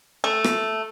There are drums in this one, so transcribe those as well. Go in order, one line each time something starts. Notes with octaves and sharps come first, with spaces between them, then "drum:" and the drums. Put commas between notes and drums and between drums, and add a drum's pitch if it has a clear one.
A3
drum: rim click